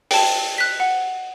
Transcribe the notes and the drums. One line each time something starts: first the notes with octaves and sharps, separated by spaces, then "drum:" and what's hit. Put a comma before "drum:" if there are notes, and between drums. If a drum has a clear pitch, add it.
G5 A5, drum: open hi-hat
F#6 B6
F#5